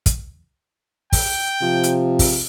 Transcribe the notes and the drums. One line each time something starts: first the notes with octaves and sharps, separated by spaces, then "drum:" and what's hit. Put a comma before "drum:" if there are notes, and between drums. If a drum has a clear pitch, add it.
drum: kick, hi-hat
G5, drum: kick, open hi-hat
C3 F3
drum: hi-hat
drum: kick, open hi-hat